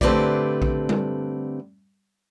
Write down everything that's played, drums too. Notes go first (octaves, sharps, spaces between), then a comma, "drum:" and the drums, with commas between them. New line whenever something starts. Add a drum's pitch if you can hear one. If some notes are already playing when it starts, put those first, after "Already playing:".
D3 A3 C4 G4 B4 D5, drum: kick A#1
drum: kick A#1
drum: tom G3